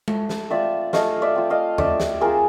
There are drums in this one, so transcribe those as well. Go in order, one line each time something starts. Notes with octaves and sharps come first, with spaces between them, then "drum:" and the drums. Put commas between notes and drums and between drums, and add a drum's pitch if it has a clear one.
A3, drum: tom G#3
drum: snare
C4 F4 D5 E5
A3 D#5 F5, drum: snare
D5 E5
C4 F4
D#5 F5
A3 D5 E5, drum: tom E2
drum: snare
C4 F4 G#4 A#4